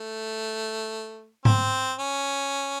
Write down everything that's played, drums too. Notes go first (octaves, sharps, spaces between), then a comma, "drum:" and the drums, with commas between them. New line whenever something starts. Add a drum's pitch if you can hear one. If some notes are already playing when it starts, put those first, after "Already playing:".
Already playing: A3
C4, drum: tom G#2
C#4